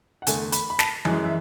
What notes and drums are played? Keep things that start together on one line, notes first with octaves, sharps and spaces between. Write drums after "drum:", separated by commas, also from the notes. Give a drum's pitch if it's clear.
F#5
E2 D3 A3 G#5, drum: hi-hat
B5, drum: hi-hat
B5
A5, drum: snare
F#2 E3 G#3 G#5, drum: tom E3
E5